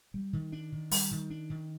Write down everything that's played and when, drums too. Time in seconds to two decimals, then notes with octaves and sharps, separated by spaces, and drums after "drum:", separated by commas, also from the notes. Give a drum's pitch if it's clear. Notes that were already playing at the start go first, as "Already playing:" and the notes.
0.14 G3
0.33 D#3
0.52 D4
0.72 D#3
0.91 G3, drum: open hi-hat
1.11 D#3
1.30 D4
1.50 D#3